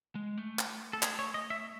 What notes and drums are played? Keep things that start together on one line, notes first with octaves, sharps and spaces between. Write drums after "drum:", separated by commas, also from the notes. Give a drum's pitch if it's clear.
G#3
A3
drum: clap
A4
G#4, drum: clap
C#5
D#5
E5